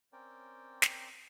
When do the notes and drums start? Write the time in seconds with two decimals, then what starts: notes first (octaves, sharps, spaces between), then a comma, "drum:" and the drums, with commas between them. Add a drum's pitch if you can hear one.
0.13 C4 C#4 A#4 D5 G5
0.82 drum: snare